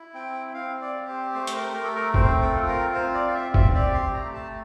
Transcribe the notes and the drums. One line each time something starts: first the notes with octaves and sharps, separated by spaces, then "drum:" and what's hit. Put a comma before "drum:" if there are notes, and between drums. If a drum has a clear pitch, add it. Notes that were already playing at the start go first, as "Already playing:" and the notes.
Already playing: E4
C4 G5
C4 F5
D5
G4
C5
A3 C5
C5, drum: hi-hat
A#4
A3 A#4
A4
A#4
C4 C5, drum: kick
A4
F4
A#4
C4 C5
D5
F5
C4 E5
E5, drum: kick
G4 D5
C6
A3 A#5
A5